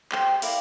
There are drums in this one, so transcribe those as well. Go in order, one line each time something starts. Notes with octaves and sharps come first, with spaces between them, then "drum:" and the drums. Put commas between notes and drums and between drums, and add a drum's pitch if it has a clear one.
G4 C5 G5, drum: clap
E4 A#4 D5 F5, drum: open hi-hat